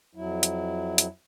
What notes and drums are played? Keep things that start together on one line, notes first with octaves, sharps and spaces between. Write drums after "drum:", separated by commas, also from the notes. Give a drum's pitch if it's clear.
F2 F#3 E4
drum: hi-hat
drum: hi-hat